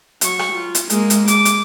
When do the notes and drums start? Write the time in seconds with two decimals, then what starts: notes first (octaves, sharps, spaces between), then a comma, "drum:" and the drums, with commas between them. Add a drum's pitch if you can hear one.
0.21 F#3 C#6, drum: hi-hat
0.39 drum: rim click
0.52 F4
0.75 drum: hi-hat
0.90 G#3 A#3, drum: hi-hat
1.10 drum: hi-hat
1.28 D6, drum: hi-hat
1.45 drum: hi-hat